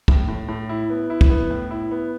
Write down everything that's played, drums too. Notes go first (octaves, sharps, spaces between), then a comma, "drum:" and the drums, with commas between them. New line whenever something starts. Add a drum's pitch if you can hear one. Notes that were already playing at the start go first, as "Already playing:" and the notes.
A2, drum: kick
A2
A2
E4
B3
E4
drum: kick
B3
A2
E4
B3